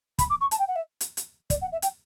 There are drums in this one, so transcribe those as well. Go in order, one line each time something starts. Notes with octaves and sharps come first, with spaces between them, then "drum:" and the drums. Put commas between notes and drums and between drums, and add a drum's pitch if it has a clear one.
B5, drum: kick, hi-hat
D6
C#6
A5, drum: hi-hat
G5
F#5
E5
drum: hi-hat
drum: hi-hat
D5, drum: kick, hi-hat
F#5
E5
G5, drum: hi-hat